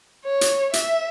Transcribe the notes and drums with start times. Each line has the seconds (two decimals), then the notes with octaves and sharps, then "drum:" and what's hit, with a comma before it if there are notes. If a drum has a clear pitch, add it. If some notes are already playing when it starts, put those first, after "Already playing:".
0.25 C#5
0.41 drum: hi-hat
0.73 E5, drum: hi-hat